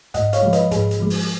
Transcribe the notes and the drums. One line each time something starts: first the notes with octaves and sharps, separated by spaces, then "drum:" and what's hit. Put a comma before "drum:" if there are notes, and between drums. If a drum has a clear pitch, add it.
G#2 D#5 F#5, drum: hi-hat
C#5 F5, drum: hi-hat
F3 G#3
B4 D#5, drum: hi-hat
G#2 G#4 B4, drum: hi-hat
drum: hi-hat
F3 G#3
drum: open hi-hat